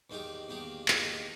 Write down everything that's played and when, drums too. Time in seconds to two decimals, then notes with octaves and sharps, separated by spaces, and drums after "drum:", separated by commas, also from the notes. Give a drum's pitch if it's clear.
0.10 E2 D#3 A#3 D#4 G4
0.48 E2 D#3 A#3 D#4 G4
0.88 E2 D#3 A#3 D#4 G4, drum: clap